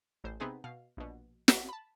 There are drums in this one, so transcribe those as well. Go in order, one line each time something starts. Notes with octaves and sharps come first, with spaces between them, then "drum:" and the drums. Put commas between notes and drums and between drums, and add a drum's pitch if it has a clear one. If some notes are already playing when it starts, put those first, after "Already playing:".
A1 C5
C3 B3 C4 D#4 G#4 B4
B2 F5
A#1 B2
drum: snare
A5 B5